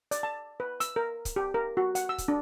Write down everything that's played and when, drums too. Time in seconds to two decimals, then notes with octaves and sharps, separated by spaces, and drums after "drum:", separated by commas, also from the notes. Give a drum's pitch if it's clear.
0.11 D5, drum: hi-hat
0.23 A5
0.60 B4
0.80 E6, drum: hi-hat
0.96 A#4
1.25 drum: kick C#1, hi-hat
1.36 G4
1.54 A#4
1.77 F#4
1.95 F#5, drum: hi-hat
2.09 E6
2.18 drum: kick C#1, hi-hat
2.28 D4